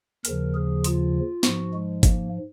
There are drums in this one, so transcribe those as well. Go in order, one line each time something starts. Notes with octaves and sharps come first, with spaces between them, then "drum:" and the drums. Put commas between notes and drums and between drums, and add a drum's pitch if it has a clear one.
D#2 C#3 F3 A#4, drum: hi-hat
G#4
F4, drum: hi-hat
G#2 F3 F#4, drum: snare
G#3
A#3, drum: kick G1, hi-hat